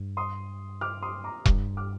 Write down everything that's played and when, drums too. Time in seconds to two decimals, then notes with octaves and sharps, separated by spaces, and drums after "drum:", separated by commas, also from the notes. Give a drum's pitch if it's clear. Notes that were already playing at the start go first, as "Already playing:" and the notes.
Already playing: G2
0.17 C6 D#6
0.81 D6 F6
1.02 C6 D#6
1.24 A#5 D6
1.46 G2, drum: kick E1
1.77 D6 F6